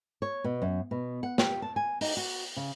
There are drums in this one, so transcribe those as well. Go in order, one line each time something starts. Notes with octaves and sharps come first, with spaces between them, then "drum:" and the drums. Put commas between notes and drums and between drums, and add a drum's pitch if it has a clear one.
C#5
B2
F#2
B2
F#5
G4, drum: snare
A5
G#5
D#4, drum: open hi-hat
F#4
C#3